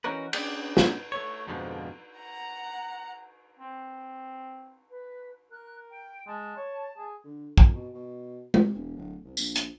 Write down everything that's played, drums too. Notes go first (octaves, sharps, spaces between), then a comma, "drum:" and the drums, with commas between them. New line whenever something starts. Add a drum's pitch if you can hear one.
E3 C#4 D#4 F#4 A#4 B4
B3 C#4 D4 G#4 D5 G5, drum: cymbal
drum: snare
A3 C#5
F2 G#2 B2 D3 F3
F#5 A#5
C4
B4
A#4 F#6
G5
G#3 A5
C#5
G#4
D3
F2, drum: kick
B2
B2
C3, drum: tom G#3
E1
D1
C2
A#1, drum: tambourine
drum: hi-hat